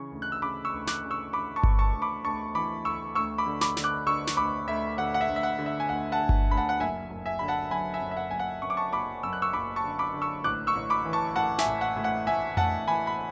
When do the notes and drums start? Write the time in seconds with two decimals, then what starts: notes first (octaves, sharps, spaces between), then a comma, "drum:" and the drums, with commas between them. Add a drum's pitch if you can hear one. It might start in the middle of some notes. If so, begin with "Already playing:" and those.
Already playing: C#3 E3 C#6
0.11 D2
0.22 F#6
0.32 E6
0.42 C#3 B5 D6
0.65 C#6 E6
0.73 D2
0.87 D6 F#6, drum: snare
1.03 C#3
1.11 C#6 E6
1.33 D2 B5 D6
1.56 A5 C#6
1.63 D2, drum: kick G1
1.79 A5 C#6
1.94 D2
2.02 B5 D6
2.24 D2 A5 C#6
2.55 E3 B5 D6
2.85 D2 C#6 E6
3.15 D2 C#6 E6
3.38 B5 D6
3.46 D3
3.61 B5 D6, drum: snare
3.77 D3, drum: snare
3.84 D6 F#6
4.07 D3 C#6 E6
4.27 drum: snare
4.37 D2 B5 D6
4.67 D2 E5
4.98 D3 F#5
5.14 F#5
5.21 E5
5.28 D2
5.36 E5
5.43 F#5
5.59 D3
5.66 E5
5.80 G#5
5.89 D2 F#5
6.12 F#5 A5
6.19 D3
6.29 drum: kick G1
6.49 D2 B5
6.57 F#5 A5
6.69 F#5
6.80 F#1 E5 G#5
7.10 F#1
7.26 E5 G#5
7.39 D3 B5
7.48 F#5 A5
7.71 F#2 G#5 B5
7.94 E5 G#5
8.01 F#2
8.11 E5
8.17 F#5
8.31 F#1 G#5
8.39 F#5
8.62 F#2 C#6
8.70 D6
8.77 A5 C#6
8.93 F#1 B5 D6
9.23 F#2 E6
9.33 F#6
9.42 C#6 E6
9.53 F#1 B5 D6
9.76 A5 C#6
9.84 D3
9.99 B5 D6
10.14 D3
10.22 C#6 E6
10.44 A1 D6 F#6
10.67 C#6 E6
10.75 A1
10.90 B5 D6
11.05 E3
11.13 A5 C#6
11.36 A2 F#5 A5
11.58 E5 G#5, drum: snare
11.66 A1
11.81 F#5
11.96 A2
12.04 F#5
12.27 A2 E5 G#5
12.57 A2 F#5 A5, drum: tom F2
12.88 E3 G#5 B5
13.07 B5